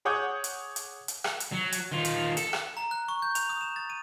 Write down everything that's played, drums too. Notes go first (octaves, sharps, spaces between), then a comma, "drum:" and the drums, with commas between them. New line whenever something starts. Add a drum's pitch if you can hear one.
G#4 C#5 F#5 D6 D#6 G6
drum: hi-hat
drum: hi-hat
drum: hi-hat
drum: rim click
drum: hi-hat
F#3
drum: hi-hat
D#3 F4
drum: hi-hat
A4, drum: hi-hat
drum: rim click
A#5
F#6
C#6
G6
F7, drum: hi-hat
D#6
E7
A6
D#7